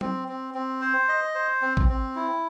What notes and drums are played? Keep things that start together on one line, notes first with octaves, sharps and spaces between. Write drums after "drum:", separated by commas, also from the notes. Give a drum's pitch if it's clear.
C4, drum: tom F#3
C4
C4
C5
D#5
C5
C4
drum: kick
C4
E4